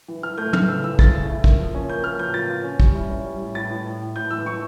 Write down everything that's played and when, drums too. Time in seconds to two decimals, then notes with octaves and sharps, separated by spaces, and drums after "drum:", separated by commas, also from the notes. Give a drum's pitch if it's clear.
0.08 E3
0.23 E3 F6
0.38 A3 G6
0.53 A3 F6, drum: tom
0.68 C#3 E6
0.84 E3 E6
0.99 C#3 A6, drum: kick
1.13 E3
1.29 E4
1.44 A#3, drum: kick
1.59 F3
1.75 C#4
1.89 A#3 G6
2.04 A#3 F6
2.19 F3 G6
2.34 F4 A6
2.49 F4
2.64 C#4
2.80 G3, drum: kick
2.95 E4
3.10 C#4
3.25 G3
3.41 A2
3.55 A2 A6
3.70 A2
3.86 A2
4.01 A2
4.16 A2 G6
4.31 E3 E6
4.46 E3 C#6